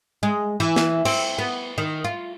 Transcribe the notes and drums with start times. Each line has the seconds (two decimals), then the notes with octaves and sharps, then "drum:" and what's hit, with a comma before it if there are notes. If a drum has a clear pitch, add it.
0.23 G#3
0.60 E3
0.76 drum: snare
1.05 C4, drum: cymbal
1.39 B3
1.78 D#3
2.04 F4